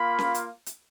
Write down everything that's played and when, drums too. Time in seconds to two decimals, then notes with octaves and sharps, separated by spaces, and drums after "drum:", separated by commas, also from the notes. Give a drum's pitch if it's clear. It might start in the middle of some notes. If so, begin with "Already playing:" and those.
Already playing: A#3 F4 B5
0.19 drum: snare C#4
0.34 drum: hi-hat
0.66 drum: hi-hat